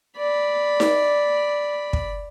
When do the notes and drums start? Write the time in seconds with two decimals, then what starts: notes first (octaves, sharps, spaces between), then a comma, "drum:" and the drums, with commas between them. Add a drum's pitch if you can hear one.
0.17 D5 B5
0.80 drum: snare D#4
1.93 drum: kick